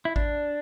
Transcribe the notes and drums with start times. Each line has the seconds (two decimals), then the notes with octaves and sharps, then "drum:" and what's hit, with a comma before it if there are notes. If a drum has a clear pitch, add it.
0.05 E4
0.16 D4, drum: kick A1